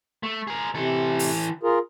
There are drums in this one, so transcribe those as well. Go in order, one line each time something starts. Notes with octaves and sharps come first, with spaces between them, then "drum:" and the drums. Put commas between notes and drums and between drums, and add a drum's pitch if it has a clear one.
A3
G#4 A#4
C3 E3 A4
drum: open hi-hat
F4 G#4 A#4